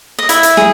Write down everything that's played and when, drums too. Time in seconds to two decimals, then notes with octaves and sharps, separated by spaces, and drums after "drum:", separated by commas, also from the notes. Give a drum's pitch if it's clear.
0.19 D#5
0.29 E4 E5, drum: hi-hat
0.43 drum: hi-hat
0.57 G#4, drum: snare